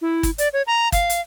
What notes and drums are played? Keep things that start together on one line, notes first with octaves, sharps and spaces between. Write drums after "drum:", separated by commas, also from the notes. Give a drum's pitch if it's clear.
E4
drum: kick, hi-hat
D5, drum: hi-hat
C#5
A#5
F5, drum: kick, hi-hat
drum: hi-hat